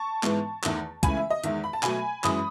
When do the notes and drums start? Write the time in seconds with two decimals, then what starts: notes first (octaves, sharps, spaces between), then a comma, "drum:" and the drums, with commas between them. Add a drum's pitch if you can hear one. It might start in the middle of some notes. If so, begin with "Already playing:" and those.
Already playing: A5 C#6
0.23 G#2 E3 G#3 B3, drum: clap
0.63 E2 D#3 A3, drum: clap
1.03 C#2 C#3 E3 A3 G#5 B5, drum: kick, hi-hat
1.17 E5
1.30 D#5
1.44 E2 D#3 G#3 E5, drum: hi-hat
1.64 B5
1.73 A5
1.83 B2 F#3 A3 G#5 B5, drum: clap
2.24 F#2 E3 G#3 B5 D#6, drum: clap